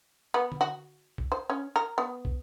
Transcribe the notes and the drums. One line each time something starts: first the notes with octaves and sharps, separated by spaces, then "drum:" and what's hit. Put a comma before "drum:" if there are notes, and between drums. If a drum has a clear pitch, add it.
B3
drum: tom D3
F#4
drum: kick
C5
C#4
A#4
B3
drum: kick